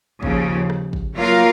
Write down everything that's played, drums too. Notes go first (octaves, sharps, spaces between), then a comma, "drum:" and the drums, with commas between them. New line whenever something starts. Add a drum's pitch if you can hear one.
D#2 C#3 F3, drum: kick
drum: rim click
drum: kick
F#3 A#3 F4 A#4 F5